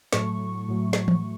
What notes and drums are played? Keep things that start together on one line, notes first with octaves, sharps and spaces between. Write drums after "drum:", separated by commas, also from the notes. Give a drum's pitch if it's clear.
A2 F#3 A3 C#6, drum: snare
A2 F#3 A3
drum: snare
drum: tom E3